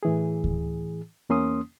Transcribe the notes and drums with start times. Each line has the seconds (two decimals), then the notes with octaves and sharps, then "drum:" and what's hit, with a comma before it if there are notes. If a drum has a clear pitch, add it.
0.03 A2 E3 G#4
0.44 drum: kick D2
1.29 E2 A#3 C#4 C6 D#6